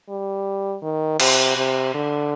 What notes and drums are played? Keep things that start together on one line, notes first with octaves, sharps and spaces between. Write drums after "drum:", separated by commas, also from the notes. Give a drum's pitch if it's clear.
G3
D#3
C3, drum: cymbal
C3
D3